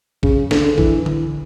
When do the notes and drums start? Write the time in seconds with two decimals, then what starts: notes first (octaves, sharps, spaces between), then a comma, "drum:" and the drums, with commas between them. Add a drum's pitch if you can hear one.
0.23 C#3, drum: kick
0.51 D3, drum: snare
0.78 E3, drum: kick
1.06 drum: tom D3